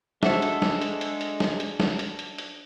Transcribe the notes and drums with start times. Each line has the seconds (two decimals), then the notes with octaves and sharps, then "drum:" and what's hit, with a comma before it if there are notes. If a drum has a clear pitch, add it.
0.23 G#3 D4 F#4 A4 C5 E5, drum: snare
0.42 drum: hi-hat
0.62 drum: snare
0.82 drum: hi-hat
1.01 drum: hi-hat
1.21 drum: hi-hat
1.40 drum: snare
1.60 drum: hi-hat
1.80 drum: snare
1.99 drum: hi-hat
2.19 drum: hi-hat
2.38 drum: hi-hat